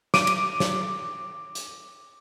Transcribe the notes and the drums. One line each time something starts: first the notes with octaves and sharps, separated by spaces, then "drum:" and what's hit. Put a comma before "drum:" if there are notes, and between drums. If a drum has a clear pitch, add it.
D6 D7 D#7, drum: snare
drum: cymbal
drum: snare
drum: hi-hat